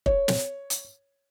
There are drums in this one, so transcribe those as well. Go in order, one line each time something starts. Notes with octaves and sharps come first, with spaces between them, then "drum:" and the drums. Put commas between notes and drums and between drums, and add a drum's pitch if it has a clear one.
C#5, drum: kick
drum: snare
drum: hi-hat